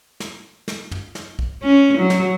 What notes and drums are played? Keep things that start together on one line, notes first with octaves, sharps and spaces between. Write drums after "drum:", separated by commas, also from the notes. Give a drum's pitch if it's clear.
drum: snare
drum: snare
drum: tom
drum: snare
drum: kick B1
C#4
F#3
drum: snare